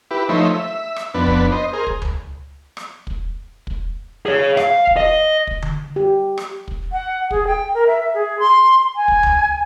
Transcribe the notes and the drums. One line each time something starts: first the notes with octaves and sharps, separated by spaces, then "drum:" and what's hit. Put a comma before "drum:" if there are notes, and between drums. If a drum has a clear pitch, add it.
E4 G4 B4
F3 A3 D#4 C5 C#5 E5
E5
drum: rim click
F2 B3 D4 B4
drum: kick
C5 D#5
G#4 A#4 C5
drum: kick
drum: tom C#2
drum: rim click
drum: kick
drum: kick
G#4 C#5
F5, drum: rim click
drum: kick
D#5
drum: kick
drum: tom D3
G4
drum: rim click
drum: kick
F#5
G#4, drum: kick
G5
A#4
E5
G#4
C6
G#5
drum: kick
drum: tom C#2